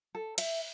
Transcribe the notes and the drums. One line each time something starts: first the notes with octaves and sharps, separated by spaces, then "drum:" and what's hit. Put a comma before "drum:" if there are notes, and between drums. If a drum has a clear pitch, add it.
A4
E5, drum: cymbal